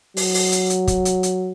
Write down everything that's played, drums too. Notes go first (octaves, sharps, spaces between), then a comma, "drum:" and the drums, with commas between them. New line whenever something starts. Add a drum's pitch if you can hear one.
F#3, drum: open hi-hat
drum: open hi-hat
drum: hi-hat
drum: hi-hat
drum: kick, hi-hat
drum: hi-hat
drum: hi-hat